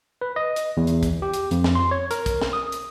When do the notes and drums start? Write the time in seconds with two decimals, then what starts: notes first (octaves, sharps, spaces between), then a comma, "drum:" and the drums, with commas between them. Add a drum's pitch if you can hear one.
0.21 B4
0.36 D#5
0.56 drum: hi-hat
0.77 E2
0.87 drum: hi-hat
1.03 drum: kick, hi-hat
1.22 G4
1.34 drum: hi-hat
1.51 F2, drum: hi-hat
1.64 drum: snare
1.75 C6
1.91 C#5
2.11 A#4, drum: hi-hat
2.26 drum: kick, hi-hat
2.42 drum: snare
2.53 D#6
2.72 drum: hi-hat